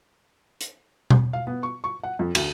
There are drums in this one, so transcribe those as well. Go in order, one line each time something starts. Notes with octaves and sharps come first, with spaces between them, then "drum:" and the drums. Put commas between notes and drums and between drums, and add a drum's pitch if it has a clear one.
drum: hi-hat
drum: tom B2
F5
B3
C#6
C#6
F#5
F2
D2, drum: cymbal